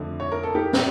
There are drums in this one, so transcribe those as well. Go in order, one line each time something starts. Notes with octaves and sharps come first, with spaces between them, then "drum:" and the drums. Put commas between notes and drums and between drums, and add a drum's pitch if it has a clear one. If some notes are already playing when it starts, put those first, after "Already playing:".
Already playing: F2 D3 A3
C#5
A#4
A4
G4 A#4
drum: snare